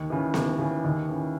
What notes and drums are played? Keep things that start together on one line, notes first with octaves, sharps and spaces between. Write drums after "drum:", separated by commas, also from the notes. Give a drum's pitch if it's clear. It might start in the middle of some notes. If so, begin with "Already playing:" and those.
Already playing: D#2
C#3 E3
D#2, drum: snare B3
C#3 E3
D#2
C#3 E3